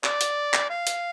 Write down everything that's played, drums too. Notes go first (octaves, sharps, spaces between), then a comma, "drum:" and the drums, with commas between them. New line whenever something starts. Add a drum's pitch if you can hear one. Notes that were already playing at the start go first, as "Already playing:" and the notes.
D5, drum: clap
drum: hi-hat
drum: clap
F5
drum: hi-hat